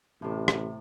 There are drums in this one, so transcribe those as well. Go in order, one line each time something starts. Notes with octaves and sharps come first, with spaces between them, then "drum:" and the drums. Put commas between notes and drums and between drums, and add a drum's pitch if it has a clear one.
A1 A2 C3
drum: rim click